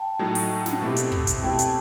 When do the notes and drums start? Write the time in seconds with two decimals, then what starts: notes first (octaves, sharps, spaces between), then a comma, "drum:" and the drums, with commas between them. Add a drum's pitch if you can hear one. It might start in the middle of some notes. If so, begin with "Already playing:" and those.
Already playing: G5 A5
0.19 A2 F#3 A3 D#4 F#4
0.35 drum: open hi-hat
0.66 drum: snare
0.81 B2 A3 C4 E4 G4
0.96 drum: hi-hat
1.12 drum: kick
1.27 drum: hi-hat
1.42 B2 A3 C4 E4 G4 G5
1.50 A5
1.59 G5, drum: hi-hat